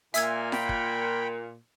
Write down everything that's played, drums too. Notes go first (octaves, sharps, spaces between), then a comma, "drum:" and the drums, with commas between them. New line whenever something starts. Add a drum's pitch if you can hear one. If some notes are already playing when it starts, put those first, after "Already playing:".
A#2 E5 G#5 E6 G#6, drum: hi-hat
G5 B5, drum: snare F4
drum: kick